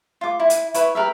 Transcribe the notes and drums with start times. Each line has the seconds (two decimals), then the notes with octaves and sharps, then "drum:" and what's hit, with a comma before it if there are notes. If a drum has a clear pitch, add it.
0.21 F4 D6
0.40 E4
0.50 drum: hi-hat
0.74 E4 B4 C#5, drum: hi-hat
0.95 G4 A#4 B4 E5